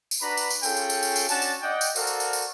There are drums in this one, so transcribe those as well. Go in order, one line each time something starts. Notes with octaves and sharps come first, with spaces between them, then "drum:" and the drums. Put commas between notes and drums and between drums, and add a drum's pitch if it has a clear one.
drum: tambourine
D4 F#4 B4 A#5 B5
drum: tambourine
drum: tambourine
C#4 F4 G#4 A4 G5, drum: tambourine
drum: tambourine
drum: tambourine
drum: tambourine
drum: tambourine
C#4 D4 F#4 A5, drum: tambourine
drum: tambourine
D5 D#5 F#5 G5
drum: tambourine
F#4 A4 A#4 C5 D5 F5, drum: tambourine
drum: tambourine
drum: tambourine
drum: tambourine